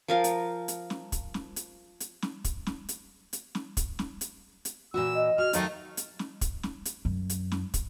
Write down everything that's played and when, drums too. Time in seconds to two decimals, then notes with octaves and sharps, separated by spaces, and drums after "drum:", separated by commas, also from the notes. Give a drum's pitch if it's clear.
0.08 F3 A#4 F5
0.24 drum: hi-hat
0.68 drum: hi-hat
0.90 drum: snare
1.12 drum: kick, hi-hat
1.34 drum: snare
1.56 drum: hi-hat
2.00 drum: hi-hat
2.22 drum: snare
2.44 drum: kick, hi-hat
2.67 drum: snare
2.89 drum: hi-hat
3.33 drum: hi-hat
3.55 drum: snare
3.77 drum: kick, hi-hat
3.99 drum: snare
4.21 drum: hi-hat
4.65 drum: hi-hat
4.94 A#2 E3 F#4 E6
5.15 D#5
5.38 F#4 G#4 F6
5.53 D#2 D#3 F#3 A3 F5, drum: hi-hat
5.97 drum: hi-hat
6.19 drum: snare
6.41 drum: kick, hi-hat
6.63 drum: snare
6.85 drum: hi-hat
7.05 F#2
7.30 drum: hi-hat
7.52 drum: snare
7.74 drum: kick, hi-hat